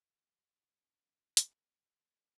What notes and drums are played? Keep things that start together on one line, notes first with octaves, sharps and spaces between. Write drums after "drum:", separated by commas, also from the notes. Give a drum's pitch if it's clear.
G2 G3 D4
G2 D3 F3 C4
drum: hi-hat
G2 G3 A#3
G3 D4 A#4 D5 F5